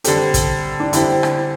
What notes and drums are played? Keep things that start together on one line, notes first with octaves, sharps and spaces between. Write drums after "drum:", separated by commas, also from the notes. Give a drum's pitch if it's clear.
D3 G3 C4 G4 A4, drum: hi-hat
drum: kick, hi-hat
D4
D3 G3 C4 E4 G4, drum: hi-hat
drum: rim click